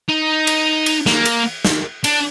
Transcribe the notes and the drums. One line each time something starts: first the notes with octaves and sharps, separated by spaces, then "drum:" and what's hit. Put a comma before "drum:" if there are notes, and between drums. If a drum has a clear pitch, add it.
D#4
drum: cymbal
drum: cymbal
A#3, drum: snare
drum: cymbal
drum: snare
D4, drum: cymbal